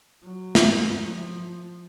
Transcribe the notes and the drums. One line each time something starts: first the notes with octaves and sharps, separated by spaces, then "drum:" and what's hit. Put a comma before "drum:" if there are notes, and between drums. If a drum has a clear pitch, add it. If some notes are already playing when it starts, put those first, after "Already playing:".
F#3
drum: snare
F3